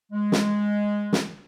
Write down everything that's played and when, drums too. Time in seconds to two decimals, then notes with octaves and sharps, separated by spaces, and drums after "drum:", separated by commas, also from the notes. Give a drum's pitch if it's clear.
0.12 G#3
0.32 drum: snare
1.13 drum: snare